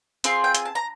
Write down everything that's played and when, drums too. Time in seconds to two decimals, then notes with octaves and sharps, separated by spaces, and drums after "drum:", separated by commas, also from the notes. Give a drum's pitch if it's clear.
0.24 C4 F4 G#4 C6, drum: hi-hat
0.44 G5
0.55 G#5, drum: hi-hat
0.65 A5
0.75 A#5